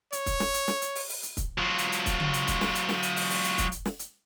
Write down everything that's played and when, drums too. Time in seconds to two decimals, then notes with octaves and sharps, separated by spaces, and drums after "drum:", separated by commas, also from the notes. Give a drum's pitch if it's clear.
0.12 C#5, drum: hi-hat
0.26 drum: kick, hi-hat
0.40 drum: snare
0.54 drum: hi-hat
0.68 drum: snare
0.82 drum: hi-hat
0.95 drum: open hi-hat
1.09 drum: open hi-hat
1.23 drum: hi-hat
1.37 drum: kick, hi-hat
1.58 F#3 F4
1.78 drum: hi-hat
1.92 drum: hi-hat
2.06 drum: kick, hi-hat
2.20 drum: tom C#3
2.34 drum: hi-hat
2.47 drum: kick, hi-hat
2.61 drum: snare
2.75 drum: hi-hat
2.89 drum: snare
3.03 drum: hi-hat
3.16 drum: open hi-hat
3.30 drum: open hi-hat
3.44 drum: hi-hat
3.58 drum: kick, hi-hat
3.72 drum: hi-hat
3.86 drum: snare
3.99 drum: hi-hat